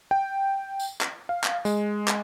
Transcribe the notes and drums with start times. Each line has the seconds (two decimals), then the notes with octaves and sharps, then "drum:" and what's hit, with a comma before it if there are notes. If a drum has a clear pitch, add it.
0.11 G5
0.80 drum: tambourine
1.01 drum: clap
1.29 F5
1.44 drum: clap
1.65 G#3, drum: tambourine
2.08 drum: clap